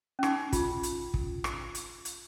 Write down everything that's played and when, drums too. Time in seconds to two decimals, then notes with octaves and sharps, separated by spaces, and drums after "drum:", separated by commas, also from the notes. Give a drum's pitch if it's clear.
0.19 C#4
0.23 D#4, drum: rim click
0.53 F4, drum: kick, hi-hat
0.83 drum: hi-hat
1.14 drum: kick
1.44 drum: rim click
1.75 drum: hi-hat
2.05 drum: hi-hat